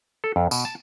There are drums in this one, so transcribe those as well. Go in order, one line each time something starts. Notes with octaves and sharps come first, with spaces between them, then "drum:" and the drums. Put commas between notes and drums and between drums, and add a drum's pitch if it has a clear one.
A4
F2
B2, drum: tambourine
A5